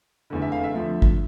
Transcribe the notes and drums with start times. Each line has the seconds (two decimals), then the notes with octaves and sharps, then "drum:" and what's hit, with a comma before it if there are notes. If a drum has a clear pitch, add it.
0.30 F1 E2 D3
0.42 E5
0.52 F5
0.63 E5
0.74 D2 D3 F3 A3
1.02 drum: kick